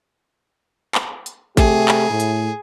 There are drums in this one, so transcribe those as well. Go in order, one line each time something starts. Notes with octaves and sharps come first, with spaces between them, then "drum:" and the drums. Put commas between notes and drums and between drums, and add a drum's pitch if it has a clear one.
drum: clap
drum: hi-hat
C3 A3 G4 G#4, drum: kick, hi-hat
drum: clap
A2
drum: hi-hat